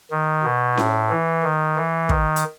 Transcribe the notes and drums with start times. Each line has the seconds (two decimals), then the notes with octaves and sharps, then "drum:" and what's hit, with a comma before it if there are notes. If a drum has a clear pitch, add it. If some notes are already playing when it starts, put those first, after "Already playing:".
0.11 D#3
0.43 B2
0.77 A2, drum: snare C#4
1.09 E3
1.43 D#3
1.76 E3
2.09 D#3, drum: kick
2.36 drum: hi-hat